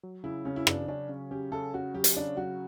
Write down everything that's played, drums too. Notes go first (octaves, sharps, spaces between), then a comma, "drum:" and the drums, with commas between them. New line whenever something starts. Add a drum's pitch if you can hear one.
F#3
C#3 E4
C#3 C#4
E4
C#3 D4, drum: rim click
C#4 D4
C#3
C#4 G4
C#3 A4
C#4 F#4
F#3 G4
drum: hi-hat
C#3 D4
F#3 F#4